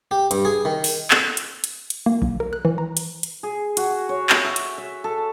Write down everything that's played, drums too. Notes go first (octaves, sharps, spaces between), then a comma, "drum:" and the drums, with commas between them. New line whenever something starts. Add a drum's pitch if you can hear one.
G4
G2, drum: hi-hat
G#4
D#3
drum: open hi-hat
drum: clap
drum: hi-hat
drum: hi-hat
drum: hi-hat
A#3
B1
A#4
F#6
E3
A#5
drum: hi-hat
drum: hi-hat
G#4
F#4, drum: hi-hat
C#5
drum: clap
E5
drum: hi-hat
E5
A4